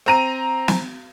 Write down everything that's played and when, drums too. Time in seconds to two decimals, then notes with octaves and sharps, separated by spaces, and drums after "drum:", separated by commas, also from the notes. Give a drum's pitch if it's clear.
0.06 C4 A#5 D#7
0.68 drum: snare